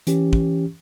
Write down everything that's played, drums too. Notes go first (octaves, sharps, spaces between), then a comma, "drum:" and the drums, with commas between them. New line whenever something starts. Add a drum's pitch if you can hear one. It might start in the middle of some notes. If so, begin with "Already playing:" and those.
E3 C#4 G4, drum: hi-hat
drum: kick